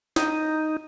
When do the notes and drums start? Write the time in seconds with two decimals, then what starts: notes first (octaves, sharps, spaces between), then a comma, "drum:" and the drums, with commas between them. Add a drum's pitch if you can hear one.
0.16 D#4, drum: snare